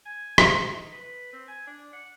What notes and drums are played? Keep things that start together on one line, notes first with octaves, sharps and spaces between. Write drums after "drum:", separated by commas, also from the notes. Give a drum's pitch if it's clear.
G#5
A4, drum: rim click
A4
D#4
B4
C4
G#5
D4
F#5